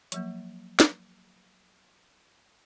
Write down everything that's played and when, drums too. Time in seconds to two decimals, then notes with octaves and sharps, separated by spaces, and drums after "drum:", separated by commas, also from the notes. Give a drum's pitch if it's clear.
0.12 F3 F#3 A#3, drum: hi-hat
0.80 drum: snare